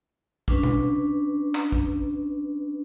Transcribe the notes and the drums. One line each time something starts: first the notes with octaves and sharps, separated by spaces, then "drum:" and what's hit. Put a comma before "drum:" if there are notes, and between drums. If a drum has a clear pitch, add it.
C#4 D4 B4, drum: kick A1
drum: tom B2
drum: clap
drum: kick A1